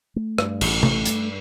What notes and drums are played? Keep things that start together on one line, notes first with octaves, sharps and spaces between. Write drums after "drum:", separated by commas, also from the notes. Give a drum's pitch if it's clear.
A3
G2, drum: rim click
A1, drum: cymbal
A3, drum: tom C3
G2, drum: hi-hat